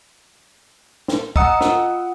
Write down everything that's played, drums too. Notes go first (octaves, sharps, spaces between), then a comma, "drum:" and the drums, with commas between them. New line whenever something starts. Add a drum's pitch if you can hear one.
drum: snare
D#5 F#5 A#5 D#6 E6 C#7, drum: kick
F4, drum: snare